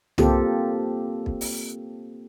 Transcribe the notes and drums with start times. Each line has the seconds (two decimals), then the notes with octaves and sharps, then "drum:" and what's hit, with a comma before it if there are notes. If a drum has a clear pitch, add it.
0.18 A#3 C4 F4 G4 A4, drum: tom
1.26 drum: kick
1.41 drum: open hi-hat